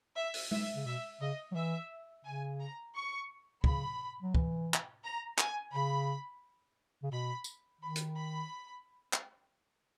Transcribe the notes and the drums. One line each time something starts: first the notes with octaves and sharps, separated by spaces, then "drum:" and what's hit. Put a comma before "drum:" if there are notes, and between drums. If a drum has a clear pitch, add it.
E5
drum: open hi-hat
E5, drum: tom G#3
C#3
B2 E5
C#3 D#5
F#3
E3 E5
C#3 G#5
A#5
C#6
C#3 B5, drum: kick
F#3
E3, drum: kick
drum: clap
A#5
G#5, drum: clap
C#3 B5
C#3
B2 B5
drum: tambourine
D#3 B5
drum: hi-hat
B5
drum: clap